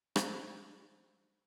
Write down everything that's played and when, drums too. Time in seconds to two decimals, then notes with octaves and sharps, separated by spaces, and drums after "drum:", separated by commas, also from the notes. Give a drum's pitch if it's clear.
0.16 C5 F#6, drum: rim click